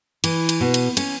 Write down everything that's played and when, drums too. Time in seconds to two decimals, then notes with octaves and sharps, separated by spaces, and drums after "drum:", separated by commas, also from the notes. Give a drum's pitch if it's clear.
0.24 E3, drum: cymbal
0.49 drum: cymbal
0.61 B2
0.74 drum: cymbal
0.97 C#4, drum: cymbal